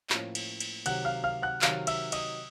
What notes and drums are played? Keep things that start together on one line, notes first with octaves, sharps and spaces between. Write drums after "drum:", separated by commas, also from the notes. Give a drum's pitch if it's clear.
A2 F3 A#3 C#4, drum: clap
drum: cymbal
drum: cymbal
C3 D#3 F#3 F#5 F#6, drum: cymbal
F5 F6
F5 F6
F#5 F#6
C3 D#3 F#3 F5 F6, drum: clap
E5 E6, drum: cymbal
D#5 D#6, drum: cymbal